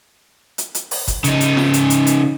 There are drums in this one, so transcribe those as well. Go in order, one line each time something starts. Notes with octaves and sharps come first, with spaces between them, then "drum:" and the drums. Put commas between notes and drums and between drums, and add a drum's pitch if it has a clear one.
drum: hi-hat
drum: hi-hat
drum: open hi-hat
drum: kick F#1, hi-hat
C#3 D#4, drum: hi-hat
drum: hi-hat
drum: snare F4
drum: hi-hat
drum: hi-hat
drum: hi-hat